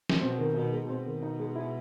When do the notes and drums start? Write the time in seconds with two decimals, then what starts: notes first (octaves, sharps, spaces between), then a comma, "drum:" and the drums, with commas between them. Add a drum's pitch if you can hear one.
0.09 drum: snare
0.21 B2 C4
0.38 D#3
0.54 B2 D#4
0.72 G#3
0.88 B2 C4
1.05 D#3
1.22 D#4
1.39 G#3
1.55 E4